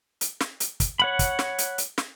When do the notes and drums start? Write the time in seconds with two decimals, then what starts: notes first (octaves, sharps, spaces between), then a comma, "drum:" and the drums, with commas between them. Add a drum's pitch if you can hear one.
0.21 drum: hi-hat
0.41 drum: snare
0.60 drum: hi-hat
0.80 drum: kick, hi-hat
1.00 C#5 F#5 B5
1.19 drum: kick, hi-hat
1.39 drum: snare
1.58 drum: hi-hat
1.78 drum: hi-hat
1.98 drum: snare